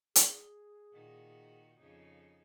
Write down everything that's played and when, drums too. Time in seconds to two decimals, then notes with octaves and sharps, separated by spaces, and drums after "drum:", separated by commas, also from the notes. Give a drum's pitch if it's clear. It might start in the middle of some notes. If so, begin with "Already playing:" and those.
0.16 G#4, drum: hi-hat
0.93 A#2 D#3 F#4
1.78 F2 C#3 D#4